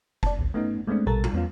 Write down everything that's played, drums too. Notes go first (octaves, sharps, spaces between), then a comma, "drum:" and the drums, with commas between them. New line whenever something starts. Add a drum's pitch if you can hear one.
D5 A5, drum: kick F1
A1 D2
A3 B3 C#4 D#4
G#3 A3 B3 C4 D4
A#1 B2 G3 A4 A#4 A6
drum: tom G3
E2 B3 C#4 F4